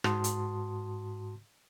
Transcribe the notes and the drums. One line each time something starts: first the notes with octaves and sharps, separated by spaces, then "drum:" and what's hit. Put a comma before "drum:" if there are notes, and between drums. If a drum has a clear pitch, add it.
G#2 F#4 A5 C6 D#6, drum: rim click
drum: hi-hat